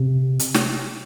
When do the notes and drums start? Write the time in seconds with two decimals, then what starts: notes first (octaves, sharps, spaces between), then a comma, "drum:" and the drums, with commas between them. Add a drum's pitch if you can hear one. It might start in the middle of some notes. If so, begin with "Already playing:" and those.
Already playing: C3
0.39 drum: hi-hat
0.54 drum: snare